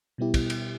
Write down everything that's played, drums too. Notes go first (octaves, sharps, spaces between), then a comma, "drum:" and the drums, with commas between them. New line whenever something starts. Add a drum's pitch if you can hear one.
B2 G3 B3 E4 G4
drum: kick, cymbal
drum: cymbal